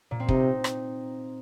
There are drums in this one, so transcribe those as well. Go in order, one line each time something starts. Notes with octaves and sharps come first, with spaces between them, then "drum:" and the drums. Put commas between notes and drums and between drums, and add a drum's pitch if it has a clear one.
A#2
C4
C3 D#4, drum: kick
drum: rim click